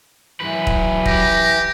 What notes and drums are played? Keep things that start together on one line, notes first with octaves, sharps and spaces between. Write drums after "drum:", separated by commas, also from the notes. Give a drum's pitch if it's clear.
F#2 E3 B4
drum: kick
G4 A#6, drum: kick